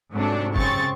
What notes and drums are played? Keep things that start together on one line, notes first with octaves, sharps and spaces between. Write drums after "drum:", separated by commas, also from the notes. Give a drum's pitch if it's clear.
G#2 C3 F#3 A3 D4
F#2 C#3 C4 C#6 A6, drum: kick